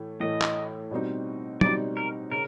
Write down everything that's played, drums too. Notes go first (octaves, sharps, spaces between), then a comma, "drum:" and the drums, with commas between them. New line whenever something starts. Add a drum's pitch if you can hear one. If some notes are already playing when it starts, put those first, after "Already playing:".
Already playing: A2 E3 A3
A2 E3 A3 D#5
drum: clap
B2 G3 C4 D#4
B2 G3 C4 D#4 D5, drum: tom
A#4
C#3 A#4